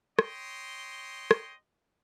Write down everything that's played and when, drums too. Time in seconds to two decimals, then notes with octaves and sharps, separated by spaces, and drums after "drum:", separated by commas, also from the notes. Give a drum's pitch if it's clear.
0.19 C#5 D#5 G5 C6, drum: rim click
1.31 drum: rim click